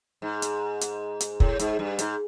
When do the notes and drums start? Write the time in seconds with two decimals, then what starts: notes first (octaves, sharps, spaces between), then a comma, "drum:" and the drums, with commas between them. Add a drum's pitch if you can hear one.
0.22 G#2
0.42 drum: hi-hat
0.81 drum: hi-hat
1.21 drum: hi-hat
1.40 A2, drum: kick
1.59 G#2, drum: hi-hat
1.79 G2
1.99 G#2, drum: hi-hat